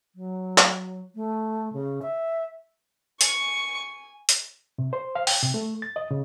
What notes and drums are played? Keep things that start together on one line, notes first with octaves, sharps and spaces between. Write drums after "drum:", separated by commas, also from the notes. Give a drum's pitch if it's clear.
F#3
drum: clap
A3
C#3
E5
G#5 C#6, drum: hi-hat
drum: hi-hat
C3
C5
F5
G5, drum: open hi-hat
C3
A3
A6
D#5
C#3